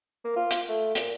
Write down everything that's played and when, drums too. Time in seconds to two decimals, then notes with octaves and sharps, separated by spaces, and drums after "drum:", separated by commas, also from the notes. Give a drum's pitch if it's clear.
0.25 A#3
0.36 F4
0.51 drum: hi-hat
0.69 A3
0.95 A#2, drum: hi-hat